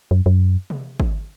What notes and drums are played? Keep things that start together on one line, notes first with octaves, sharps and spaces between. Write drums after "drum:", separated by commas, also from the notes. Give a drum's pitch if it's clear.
F#2
F#2
drum: tom C3
drum: kick